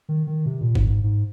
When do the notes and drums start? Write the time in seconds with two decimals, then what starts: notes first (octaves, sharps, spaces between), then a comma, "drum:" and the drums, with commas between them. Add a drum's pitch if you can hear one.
0.09 D#3
0.27 D#3
0.46 C3
0.61 A#2
0.75 G#2, drum: kick G1
0.89 G#2
1.04 G#2